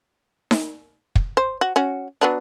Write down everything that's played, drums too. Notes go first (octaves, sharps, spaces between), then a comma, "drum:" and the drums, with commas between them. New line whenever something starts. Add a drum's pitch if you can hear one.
drum: snare D#4
drum: kick
C5
F#4
C#4 F#4
F#3 B3 D4